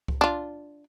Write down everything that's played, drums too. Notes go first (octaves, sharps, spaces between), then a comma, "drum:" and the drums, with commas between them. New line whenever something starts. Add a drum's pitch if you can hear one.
drum: kick C#2
D4 F4